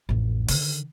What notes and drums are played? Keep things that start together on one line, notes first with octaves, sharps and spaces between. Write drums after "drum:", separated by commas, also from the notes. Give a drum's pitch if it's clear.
A1 F2
D3 D#3, drum: open hi-hat